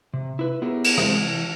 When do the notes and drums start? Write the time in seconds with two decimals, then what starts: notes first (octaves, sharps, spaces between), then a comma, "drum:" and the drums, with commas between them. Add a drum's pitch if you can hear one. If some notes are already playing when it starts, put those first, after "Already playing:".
0.13 C3
0.39 E4 B4
0.62 B3 E4 G4 G#4 A#4 C#5
0.84 drum: cymbal
0.98 C3 E3 G#3, drum: rim click
1.19 E3